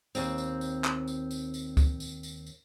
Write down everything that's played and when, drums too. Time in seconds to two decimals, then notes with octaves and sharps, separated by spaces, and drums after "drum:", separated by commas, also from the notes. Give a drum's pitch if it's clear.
0.15 D#2 C4, drum: tambourine
0.38 drum: tambourine
0.61 drum: tambourine
0.84 drum: clap
1.07 drum: tambourine
1.31 drum: tambourine
1.54 drum: tambourine
1.77 drum: kick, tambourine
2.00 drum: tambourine
2.23 drum: tambourine
2.46 drum: tambourine